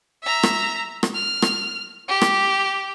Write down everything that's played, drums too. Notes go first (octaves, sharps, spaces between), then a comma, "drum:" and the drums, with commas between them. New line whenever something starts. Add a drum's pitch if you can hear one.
E5 A#5
drum: rim click
drum: rim click
F6
drum: rim click
G4
drum: rim click